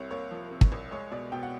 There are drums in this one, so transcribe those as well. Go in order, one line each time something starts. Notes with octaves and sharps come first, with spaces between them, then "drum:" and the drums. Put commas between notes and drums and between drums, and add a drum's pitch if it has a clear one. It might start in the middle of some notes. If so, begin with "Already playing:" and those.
Already playing: C2 C3 C#5
A#3 C#5
F3
C3
drum: kick
C2
G#3 C#5
B2 D5
B2 G5
F#5